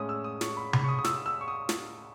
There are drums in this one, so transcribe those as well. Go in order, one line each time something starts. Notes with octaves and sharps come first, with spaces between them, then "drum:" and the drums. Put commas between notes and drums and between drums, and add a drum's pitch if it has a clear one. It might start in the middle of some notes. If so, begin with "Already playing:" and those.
Already playing: A2 G#3 C#4 D#6
E6
D#6
C#6, drum: snare
B5
B5, drum: tom C3
C#6
D#6
D#6
E6, drum: snare
E6
C#6
D#6
drum: snare